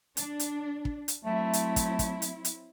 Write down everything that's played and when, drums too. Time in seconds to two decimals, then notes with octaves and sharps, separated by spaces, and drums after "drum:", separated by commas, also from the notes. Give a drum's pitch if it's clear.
0.17 D4, drum: hi-hat
0.40 drum: hi-hat
0.85 drum: kick
1.08 drum: hi-hat
1.25 F#3 A3 C4 E4
1.53 drum: hi-hat
1.76 drum: kick, hi-hat
1.99 drum: kick, hi-hat
2.22 drum: hi-hat
2.45 drum: hi-hat